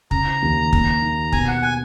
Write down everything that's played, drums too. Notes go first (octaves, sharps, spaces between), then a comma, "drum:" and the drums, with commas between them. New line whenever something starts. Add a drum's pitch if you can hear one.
C#3 A#5, drum: kick
D#2
A#3, drum: kick
D#3
B2 G#5, drum: kick
F#5
G#5